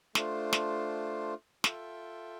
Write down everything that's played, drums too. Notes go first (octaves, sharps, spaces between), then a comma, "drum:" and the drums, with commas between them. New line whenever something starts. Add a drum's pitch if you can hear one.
A3 D4 F4 C5, drum: snare
drum: snare
F4 A4 E5 G5, drum: snare